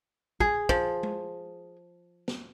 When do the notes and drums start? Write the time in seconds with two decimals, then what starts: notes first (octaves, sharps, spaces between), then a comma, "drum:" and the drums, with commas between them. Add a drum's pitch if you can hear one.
0.40 G#4, drum: kick
0.69 F3, drum: kick
1.03 drum: tom
2.28 drum: snare